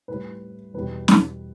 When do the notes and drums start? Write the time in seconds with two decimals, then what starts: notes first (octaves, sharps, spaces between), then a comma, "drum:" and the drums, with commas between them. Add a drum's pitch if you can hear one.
0.08 A2 G3 B4
0.74 E2 B2 G3 B4
1.08 drum: snare